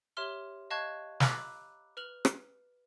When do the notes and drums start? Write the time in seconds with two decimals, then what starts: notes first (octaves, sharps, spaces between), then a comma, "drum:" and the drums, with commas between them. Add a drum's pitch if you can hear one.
0.17 G4 C#5 E5 C6 F6 G7
0.70 D#5 F5 A5 C#6 F#6 G#6
1.20 A#5 B5 D6 E6 F#6, drum: snare
1.97 B4 F6 F7 F#7
2.25 drum: rim click